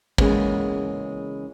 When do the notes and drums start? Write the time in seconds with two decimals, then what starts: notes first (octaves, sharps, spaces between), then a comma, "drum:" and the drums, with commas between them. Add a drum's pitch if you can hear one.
0.18 C#3 E3 G#3 A#3 B3 C#4, drum: kick